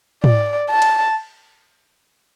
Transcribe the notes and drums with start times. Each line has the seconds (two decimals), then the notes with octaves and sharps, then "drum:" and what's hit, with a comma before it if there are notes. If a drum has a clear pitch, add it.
0.24 D5, drum: tom
0.71 A5
0.82 drum: cymbal